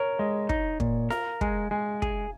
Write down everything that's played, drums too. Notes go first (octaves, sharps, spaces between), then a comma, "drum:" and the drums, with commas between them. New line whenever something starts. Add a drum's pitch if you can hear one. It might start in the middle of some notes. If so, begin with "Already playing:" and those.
Already playing: A#4 C#5
G#3 D#5
D#4, drum: kick
A#2, drum: kick
A#4 F5, drum: snare F4
G#3 G#5, drum: kick
G#3 G#5
G#4, drum: kick